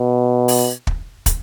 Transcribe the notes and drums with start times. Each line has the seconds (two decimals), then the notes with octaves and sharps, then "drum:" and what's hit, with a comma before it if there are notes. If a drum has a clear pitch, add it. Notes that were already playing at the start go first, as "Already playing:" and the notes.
Already playing: B2
0.48 drum: open hi-hat
0.87 drum: kick
1.26 drum: kick, hi-hat